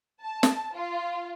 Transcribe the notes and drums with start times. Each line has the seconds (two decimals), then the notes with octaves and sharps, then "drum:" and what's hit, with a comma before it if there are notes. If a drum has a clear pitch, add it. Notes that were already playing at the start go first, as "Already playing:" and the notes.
0.22 A5
0.43 drum: snare
0.74 F4